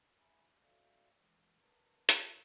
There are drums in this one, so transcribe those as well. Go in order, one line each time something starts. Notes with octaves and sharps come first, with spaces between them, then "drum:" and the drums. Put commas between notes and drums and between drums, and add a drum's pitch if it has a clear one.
E5 G#5 A#5 B5
F#4 A4 C5 D5 E5 F5
E3 G#3
A#4 B4 A5 A#5
F#4, drum: hi-hat